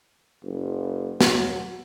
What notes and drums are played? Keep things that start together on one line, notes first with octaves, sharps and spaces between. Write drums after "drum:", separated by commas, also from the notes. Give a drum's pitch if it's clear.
F#1
F#3, drum: snare